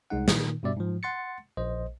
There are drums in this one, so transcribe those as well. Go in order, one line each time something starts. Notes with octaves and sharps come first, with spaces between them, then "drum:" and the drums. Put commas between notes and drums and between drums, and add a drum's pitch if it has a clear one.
C2 G#3 D#4 F#5
A#2 D#3, drum: snare
G2 B2 G3 D5 E5
G#2 F3
F#5 C6 A6 C#7
A#1 C5 D#5